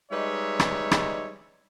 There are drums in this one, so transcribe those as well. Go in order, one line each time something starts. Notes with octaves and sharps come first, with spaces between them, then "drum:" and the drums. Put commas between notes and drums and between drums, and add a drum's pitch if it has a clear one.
G3 G#3 D#4 B4 C#5 E5
drum: rim click
drum: rim click